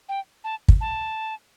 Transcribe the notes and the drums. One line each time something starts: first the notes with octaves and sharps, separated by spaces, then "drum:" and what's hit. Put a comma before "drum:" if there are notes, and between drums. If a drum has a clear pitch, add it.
G5
A5
drum: kick
A5